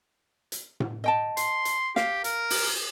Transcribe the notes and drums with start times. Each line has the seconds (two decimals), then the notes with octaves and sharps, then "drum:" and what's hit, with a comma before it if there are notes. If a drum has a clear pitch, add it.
0.52 drum: hi-hat
0.80 drum: tom A2
1.04 D#5 G5 A5
1.37 C6, drum: hi-hat
1.65 drum: hi-hat
1.96 G4 F5, drum: snare
2.24 A#4, drum: hi-hat
2.50 drum: open hi-hat